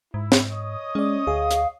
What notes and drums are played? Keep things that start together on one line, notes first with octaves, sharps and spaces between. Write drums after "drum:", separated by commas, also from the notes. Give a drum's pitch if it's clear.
G#2 E4
drum: snare
C#5 D#5 D#6
G#3 C#4 D5
D2 G#4 F5
drum: hi-hat